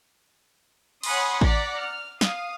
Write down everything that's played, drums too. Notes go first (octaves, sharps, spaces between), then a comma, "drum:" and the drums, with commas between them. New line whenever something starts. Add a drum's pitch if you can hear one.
C#5 F#5 G#5 B5 C6 D#6, drum: cymbal
D5 F#5 A#5 B6, drum: kick A1
F6
F5 D#6, drum: snare